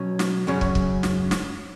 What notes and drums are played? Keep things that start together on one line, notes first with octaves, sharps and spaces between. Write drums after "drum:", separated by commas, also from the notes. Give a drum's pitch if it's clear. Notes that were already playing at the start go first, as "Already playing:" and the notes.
Already playing: B2 F#3 C#4
drum: snare
F#2 C#3 F#3 C#4
drum: kick
drum: kick
drum: snare
drum: snare